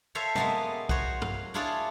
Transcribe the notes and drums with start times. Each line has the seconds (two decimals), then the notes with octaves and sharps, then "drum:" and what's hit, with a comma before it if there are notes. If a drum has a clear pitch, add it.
0.15 A4 C5 C#5 E5 F5
0.35 G#3 A#3 B3 E5 A5, drum: tom
0.89 F#4 C5 C#5, drum: kick B1
1.22 F5, drum: tom
1.54 D4 E4 F4 G#4 C#5 D5